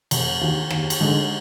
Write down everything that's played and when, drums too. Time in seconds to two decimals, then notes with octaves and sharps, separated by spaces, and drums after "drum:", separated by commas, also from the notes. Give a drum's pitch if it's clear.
0.11 F1, drum: cymbal
0.41 D#2 D#3
0.70 D#2, drum: rim click
0.90 drum: cymbal
1.00 D3 G#3 D#4